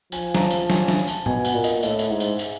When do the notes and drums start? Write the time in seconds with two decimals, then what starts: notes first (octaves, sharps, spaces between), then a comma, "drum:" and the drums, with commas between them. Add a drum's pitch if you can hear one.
0.12 F3 G#5, drum: tambourine
0.35 A#5, drum: snare
0.41 A5
0.51 drum: tambourine
0.62 A5
0.70 G#5, drum: snare
0.88 drum: snare
1.07 A5, drum: tambourine
1.26 B2 G#5, drum: tom G#2
1.45 F#5, drum: tambourine
1.54 A#2
1.64 D#5, drum: tambourine
1.83 A2 D#5, drum: tambourine
1.90 E5
1.99 D#5, drum: tambourine
2.10 G#2
2.20 drum: tambourine
2.39 drum: tambourine